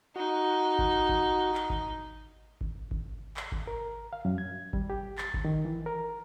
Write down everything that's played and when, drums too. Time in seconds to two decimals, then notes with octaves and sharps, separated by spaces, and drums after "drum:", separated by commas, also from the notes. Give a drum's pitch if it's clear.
0.16 D#4 F#4
0.79 drum: kick G#1
1.09 drum: kick G#1
1.55 drum: clap
1.70 drum: kick G#1
2.61 drum: kick G#1
2.91 drum: kick G#1
3.37 drum: clap
3.52 drum: kick G#1
3.67 A#4
4.13 F5
4.25 F#2
4.38 G#6
4.73 G3, drum: kick G#1
4.90 G4
5.18 A6, drum: clap
5.34 drum: kick G#1
5.45 D#3
5.65 E3
5.86 A#4